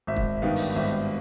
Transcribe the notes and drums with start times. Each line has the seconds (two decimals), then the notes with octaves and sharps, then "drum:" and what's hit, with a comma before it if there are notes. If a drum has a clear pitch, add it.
0.07 G#1 E5
0.16 drum: kick
0.37 E5
0.42 G2 D#3 G3 B3 F5
0.56 drum: open hi-hat
0.76 G#1 E5